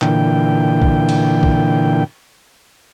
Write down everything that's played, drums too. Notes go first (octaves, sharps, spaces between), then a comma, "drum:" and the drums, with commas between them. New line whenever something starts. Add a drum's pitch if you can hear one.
A#2 D3 E3 G5, drum: clap
drum: kick
drum: cymbal
drum: kick